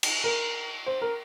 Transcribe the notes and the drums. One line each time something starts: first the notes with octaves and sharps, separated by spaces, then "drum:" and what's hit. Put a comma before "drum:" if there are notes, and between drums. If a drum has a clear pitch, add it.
drum: cymbal
A#4
C5
A#4